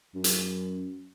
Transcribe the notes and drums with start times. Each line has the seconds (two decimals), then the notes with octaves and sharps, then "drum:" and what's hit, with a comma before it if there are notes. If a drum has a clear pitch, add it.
0.15 F#2
0.24 drum: hi-hat